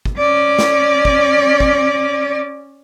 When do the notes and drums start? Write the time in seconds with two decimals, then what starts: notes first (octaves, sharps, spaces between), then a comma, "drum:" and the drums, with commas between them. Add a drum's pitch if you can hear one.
0.05 drum: kick
0.18 C#4 D5
0.59 drum: snare
1.05 drum: kick
1.60 drum: kick